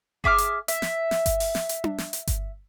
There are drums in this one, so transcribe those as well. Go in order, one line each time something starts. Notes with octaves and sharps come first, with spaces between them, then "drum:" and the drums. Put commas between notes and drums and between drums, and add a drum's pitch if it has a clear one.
G#4 E5 D6 F6, drum: kick G1
drum: hi-hat
E5, drum: hi-hat
drum: snare
drum: snare
drum: kick G1, hi-hat
drum: open hi-hat
drum: snare
drum: hi-hat
drum: tom D4
drum: snare
drum: hi-hat
drum: kick G1, hi-hat